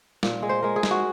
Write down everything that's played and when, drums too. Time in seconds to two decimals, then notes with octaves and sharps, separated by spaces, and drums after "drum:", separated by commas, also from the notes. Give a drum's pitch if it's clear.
0.23 A#2, drum: snare
0.43 G#3
0.49 C5
0.63 G#3 A#4
0.76 G#4
0.83 G#3, drum: snare
0.91 F#4